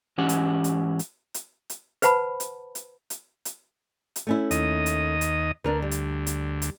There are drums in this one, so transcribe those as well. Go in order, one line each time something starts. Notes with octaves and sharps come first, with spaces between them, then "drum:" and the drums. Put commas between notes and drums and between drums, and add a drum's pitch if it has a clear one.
G#2 E3 C#4 G4 F#5
drum: hi-hat
drum: hi-hat
drum: hi-hat
drum: hi-hat
drum: hi-hat
B4 C5 F#5 A5 B5, drum: hi-hat
drum: hi-hat
drum: hi-hat
drum: hi-hat
drum: hi-hat
drum: hi-hat
A3 C#4 E4
D#2 D#5, drum: hi-hat
drum: hi-hat
drum: hi-hat
D2 D4 A#4 B4
G3
drum: hi-hat
drum: hi-hat
drum: hi-hat